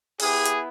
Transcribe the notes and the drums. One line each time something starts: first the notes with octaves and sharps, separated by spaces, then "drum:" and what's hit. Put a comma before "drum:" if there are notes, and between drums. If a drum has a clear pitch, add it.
B3 E4 G4 G#4, drum: open hi-hat
drum: hi-hat